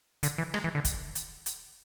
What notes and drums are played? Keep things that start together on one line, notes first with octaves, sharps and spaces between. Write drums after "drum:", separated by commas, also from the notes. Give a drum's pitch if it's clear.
D3, drum: hi-hat
E3
G#3, drum: rim click
E3
D3
drum: kick, hi-hat
drum: hi-hat
drum: hi-hat